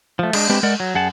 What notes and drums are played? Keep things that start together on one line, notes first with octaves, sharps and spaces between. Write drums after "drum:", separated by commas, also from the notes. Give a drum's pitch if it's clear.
F3 A3
G#3 D4, drum: cymbal
G#3 C4 D4 G4 B4
G#3 A#4 D5 F#5
F#3
F#2 G#4 F#5 A5